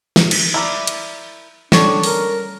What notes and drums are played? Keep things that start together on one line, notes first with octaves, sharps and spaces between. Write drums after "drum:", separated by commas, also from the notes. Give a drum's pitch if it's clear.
drum: snare
drum: cymbal
E4 A#4 D5
drum: hi-hat
G3 C#4 D4 A4 C#5 D5, drum: snare
A#4, drum: open hi-hat